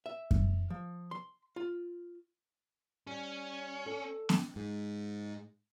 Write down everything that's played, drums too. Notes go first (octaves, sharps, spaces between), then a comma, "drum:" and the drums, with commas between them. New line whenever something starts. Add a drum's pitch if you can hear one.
E5
drum: kick F#2
F3
C6
F4
G3 C#4
A4
drum: snare B3
G#2